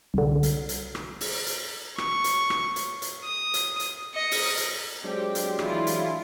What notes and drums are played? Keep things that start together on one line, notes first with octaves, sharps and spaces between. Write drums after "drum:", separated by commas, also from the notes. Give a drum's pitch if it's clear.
C2 D3
drum: hi-hat
drum: hi-hat
drum: rim click
drum: open hi-hat
drum: hi-hat
C#6, drum: rim click
drum: hi-hat
drum: rim click
drum: hi-hat
drum: hi-hat
D#6
drum: hi-hat
drum: hi-hat
D#5 C#7
drum: open hi-hat
drum: hi-hat
F#3 G#3 C4 D4 G4
drum: hi-hat
E3 E4 F4, drum: rim click
drum: hi-hat